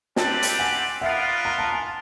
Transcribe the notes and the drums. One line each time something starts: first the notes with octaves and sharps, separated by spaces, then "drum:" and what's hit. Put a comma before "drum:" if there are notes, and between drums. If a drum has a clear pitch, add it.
C4 E4 G4 B4 D5 G5 A5, drum: snare
drum: hi-hat
F#5 G#5
B3 D4 F4 A#4 E5 F#5
A#5
A5
G#5